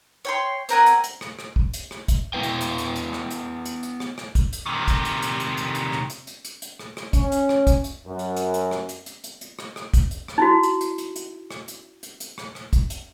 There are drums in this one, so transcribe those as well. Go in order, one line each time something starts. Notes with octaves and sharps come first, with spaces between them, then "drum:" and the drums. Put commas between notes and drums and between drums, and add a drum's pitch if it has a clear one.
C#5 G5 C6
C4 A#4 F#5 G#5, drum: hi-hat
drum: hi-hat
drum: hi-hat
drum: rim click
drum: rim click
drum: kick A1
drum: hi-hat
drum: rim click
drum: kick A1, hi-hat
B3 E4 B4 G5
drum: hi-hat
drum: hi-hat
drum: hi-hat
drum: hi-hat
drum: rim click
drum: hi-hat
drum: hi-hat
drum: hi-hat
drum: rim click
drum: rim click
drum: kick A1, hi-hat
drum: hi-hat
C3 D#3
drum: kick A1, hi-hat
drum: hi-hat
drum: hi-hat
drum: hi-hat
drum: hi-hat
drum: hi-hat
drum: rim click
drum: hi-hat
drum: hi-hat
drum: hi-hat
drum: hi-hat
drum: rim click
drum: rim click
C#4, drum: kick A1, hi-hat
drum: hi-hat
drum: rim click
drum: kick A1, hi-hat
drum: hi-hat
F#2
drum: hi-hat
drum: hi-hat
drum: hi-hat
drum: rim click
drum: hi-hat
drum: hi-hat
drum: hi-hat
drum: hi-hat
drum: rim click
drum: rim click
drum: kick A1, hi-hat
drum: hi-hat
drum: rim click
D#4 E4 F#4
drum: hi-hat
drum: hi-hat
drum: hi-hat
drum: hi-hat
drum: rim click
drum: hi-hat
drum: hi-hat
drum: hi-hat
drum: rim click
drum: rim click
drum: kick A1, hi-hat
drum: hi-hat